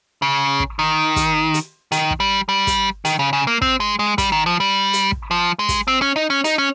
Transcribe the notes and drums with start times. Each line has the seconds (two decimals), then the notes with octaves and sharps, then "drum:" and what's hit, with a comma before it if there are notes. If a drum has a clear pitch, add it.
0.22 C#3
0.60 drum: kick
0.79 D#3
1.16 drum: kick, hi-hat
1.54 drum: hi-hat
1.92 D#3, drum: hi-hat
2.11 drum: kick
2.20 G3
2.49 G3
2.67 drum: kick, hi-hat
3.05 D#3, drum: hi-hat
3.19 C#3
3.33 C#3
3.47 A#3
3.62 C4, drum: kick
3.80 G#3
3.99 G#3
4.18 G3, drum: kick, hi-hat
4.32 D#3
4.46 F3
4.60 G3
4.93 drum: hi-hat
5.12 drum: kick
5.31 F3
5.59 G#3
5.69 drum: kick, hi-hat
5.88 C4
6.02 C#4
6.16 D#4
6.30 C#4
6.44 D#4, drum: hi-hat
6.58 C#4